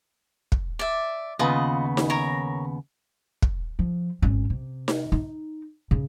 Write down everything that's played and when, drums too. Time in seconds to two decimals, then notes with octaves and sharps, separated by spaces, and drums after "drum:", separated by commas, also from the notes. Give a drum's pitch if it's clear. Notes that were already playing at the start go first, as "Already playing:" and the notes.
0.52 drum: kick
0.79 D5 E5
1.39 D#2 C#3 B3 F4 B4 D#5
1.97 drum: snare D#4
2.10 A#4 C#5 A#5
3.42 drum: kick
3.79 F3
4.22 G#1 C#4
4.50 C3
4.88 drum: snare D#4
5.12 D#4
5.91 C#3